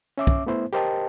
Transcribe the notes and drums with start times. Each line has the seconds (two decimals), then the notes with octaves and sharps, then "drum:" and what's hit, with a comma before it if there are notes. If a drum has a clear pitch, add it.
0.18 C#4 E5 D6
0.27 drum: kick
0.46 A3 B3 E4 C5
0.73 G4 A#4 C5 D#5 G5 A5